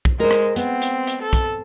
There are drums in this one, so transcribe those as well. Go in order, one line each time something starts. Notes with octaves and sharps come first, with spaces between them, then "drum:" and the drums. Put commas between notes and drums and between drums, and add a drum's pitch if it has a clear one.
drum: kick
G#3 A#4 C5
drum: rim click
B3 C4, drum: hi-hat
drum: hi-hat
drum: hi-hat
A4
drum: kick, hi-hat